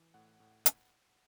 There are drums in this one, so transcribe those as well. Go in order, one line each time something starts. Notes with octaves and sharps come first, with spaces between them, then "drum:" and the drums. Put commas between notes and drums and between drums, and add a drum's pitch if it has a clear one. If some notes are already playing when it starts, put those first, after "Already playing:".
Already playing: E3
A2 F#5
A2
drum: hi-hat